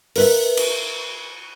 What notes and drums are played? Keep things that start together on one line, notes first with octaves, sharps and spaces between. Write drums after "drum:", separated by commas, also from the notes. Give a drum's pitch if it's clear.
A#4 B4 E5, drum: open hi-hat
drum: cymbal